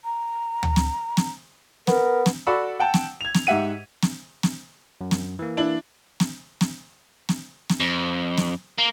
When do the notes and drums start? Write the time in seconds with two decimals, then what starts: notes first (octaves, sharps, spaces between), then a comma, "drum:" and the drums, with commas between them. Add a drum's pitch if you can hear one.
0.04 A#5
0.63 drum: tom D2
0.76 drum: snare
1.17 drum: snare
1.87 B3 A#4, drum: snare
2.26 drum: snare
2.47 F#4 A4 D5 B5 C#6 E6
2.80 F#5 G5 A5
2.94 drum: snare
3.21 G#6 F7
3.35 drum: snare
3.47 G#2 G4 E5 F#5 D#7
4.03 drum: snare
4.43 drum: snare
5.01 F#2
5.11 drum: snare
5.39 E3 A#3
5.57 D4 E4 F#7
6.20 drum: snare
6.61 drum: snare
7.29 drum: snare
7.70 drum: snare
7.80 F2
8.38 drum: snare
8.78 A#3